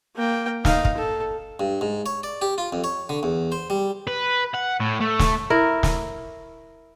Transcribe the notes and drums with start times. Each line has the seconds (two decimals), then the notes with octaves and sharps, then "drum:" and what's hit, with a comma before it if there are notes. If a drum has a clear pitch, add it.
0.16 A#3 G5
0.65 D#4 F5, drum: snare
0.85 drum: kick
0.97 A4
1.60 G2
1.81 G#2
2.06 C#5
2.23 D5
2.42 G4
2.58 F4
2.73 F2
2.84 C#5
3.09 D3
3.23 E2
3.52 C5
3.70 G3
4.07 B4
4.55 F#5
4.80 A2
5.00 A3
5.19 drum: snare
5.50 E4 A#4
5.83 drum: snare